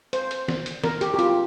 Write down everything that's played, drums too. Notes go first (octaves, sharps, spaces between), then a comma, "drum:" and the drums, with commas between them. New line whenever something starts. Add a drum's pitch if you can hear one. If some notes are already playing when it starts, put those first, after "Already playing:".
C5, drum: hi-hat
drum: hi-hat
drum: snare
drum: hi-hat
A#4, drum: snare
G4, drum: hi-hat
G4
F4, drum: hi-hat